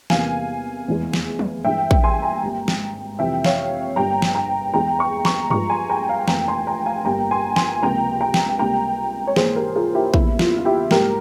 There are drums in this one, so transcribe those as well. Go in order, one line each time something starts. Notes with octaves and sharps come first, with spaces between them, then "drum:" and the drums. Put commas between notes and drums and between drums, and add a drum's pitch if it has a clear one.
E2 C3 E3 G3 A#3 F5 G#5, drum: snare
F1 E2 E3 G#3
drum: snare
drum: tom F3
G2 E3 G#3 E5 G5
drum: kick
G#5 C6
G5 A#5
G#1 G#2 G3 A#3
drum: snare
F2 C3 E3 G3 E5 G5
C#5 F5, drum: snare
G1 G2 G3 A#3 G5 A#5
drum: snare
G5 A#5
E2 E3 G#3 G5 A#5
A#5 C#6
A#5 C#6, drum: snare
G2 F3 G#3 A#5 C#6, drum: tom G2
G#5 C6
G5 A#5
F5 G#5
F1 F2 E3 A#3 G5 A#5, drum: snare
G#5 C6
G5 A#5
F5 G#5
G1 G2 G3 A#3 G5 A#5
G#5 C6
G#5 C6, drum: snare
C#2 C3 F3 A#3 G5 A#5
G5 A#5
drum: snare
C#2 C3 G3 A#3 G5 A#5
C#5
A#1 G#2 E3 A#3 G#4 C5, drum: snare
G4 A#4
F4 G#4
E4 G4
E2 C#3 G3 A#3 E4, drum: kick
F4, drum: snare
F4
E4 G4
A#1 G#2 G3 G4 A#4, drum: snare